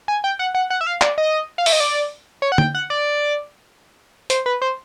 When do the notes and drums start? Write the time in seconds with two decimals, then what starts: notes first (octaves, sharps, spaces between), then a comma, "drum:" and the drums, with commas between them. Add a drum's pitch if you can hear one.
0.08 G#5
0.24 G5
0.39 F#5
0.55 F#5
0.70 F#5
0.81 E5
0.87 F5
1.01 D5, drum: clap
1.18 D#5
1.58 F5
1.66 E5, drum: open hi-hat
1.72 D#5
1.80 D5
2.42 C#5
2.52 F#5
2.58 G5, drum: tom
2.75 F#5
2.90 D5
4.30 C5, drum: hi-hat
4.46 B4
4.62 C5